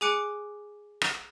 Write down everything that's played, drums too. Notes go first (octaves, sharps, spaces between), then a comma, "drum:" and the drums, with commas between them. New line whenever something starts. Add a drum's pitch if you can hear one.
G#4 G#5 D6 F#6 C#7 D7
drum: rim click